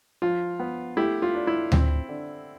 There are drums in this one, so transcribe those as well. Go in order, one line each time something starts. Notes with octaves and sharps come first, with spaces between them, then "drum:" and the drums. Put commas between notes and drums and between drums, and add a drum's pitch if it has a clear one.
F3 F4
B3
A3 E4 G4
F4
D4
E4
C4, drum: tom D2
D3